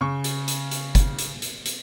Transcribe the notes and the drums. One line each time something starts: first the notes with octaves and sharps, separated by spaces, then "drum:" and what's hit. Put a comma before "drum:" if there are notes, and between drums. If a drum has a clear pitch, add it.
C#3 C#6
drum: hi-hat
drum: hi-hat
drum: hi-hat
drum: kick, hi-hat
drum: hi-hat
drum: hi-hat
drum: hi-hat